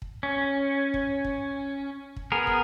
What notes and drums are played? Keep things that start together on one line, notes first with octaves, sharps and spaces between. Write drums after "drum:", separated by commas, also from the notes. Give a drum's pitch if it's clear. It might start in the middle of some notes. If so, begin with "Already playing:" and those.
drum: kick
C#4
drum: kick
drum: kick
drum: kick
B3 G#4 A#4
drum: kick